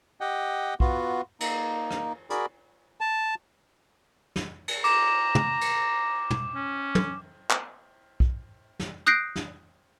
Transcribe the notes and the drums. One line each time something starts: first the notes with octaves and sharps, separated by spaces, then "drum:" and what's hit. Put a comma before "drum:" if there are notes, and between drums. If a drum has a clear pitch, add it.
G4 D#5 F#5 G5
B3 F4 F#4, drum: kick
A#3 D#4, drum: cymbal
drum: rim click
F#4 G#4 A#4 D5 B5, drum: hi-hat
A5
drum: snare
drum: cymbal
A#5 D6, drum: cymbal
drum: tom
drum: cymbal
drum: tom
C#4
drum: tom
drum: clap
drum: kick
drum: snare
D#6 F#6 G6 A#6 C7 D7
drum: snare